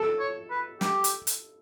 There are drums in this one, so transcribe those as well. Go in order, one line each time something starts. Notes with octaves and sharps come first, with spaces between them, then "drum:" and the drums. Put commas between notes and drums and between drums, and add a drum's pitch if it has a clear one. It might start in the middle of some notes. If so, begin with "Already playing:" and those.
Already playing: A4
C#5
B4
G4, drum: snare
drum: hi-hat
drum: hi-hat